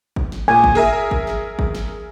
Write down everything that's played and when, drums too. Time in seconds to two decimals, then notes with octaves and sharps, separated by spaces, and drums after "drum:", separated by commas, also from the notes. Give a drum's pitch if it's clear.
0.16 drum: kick
0.32 drum: snare
0.48 A#2 G#5
0.64 drum: kick
0.75 G#4 A#4 E5
1.11 drum: kick
1.27 drum: snare
1.59 drum: kick
1.75 drum: snare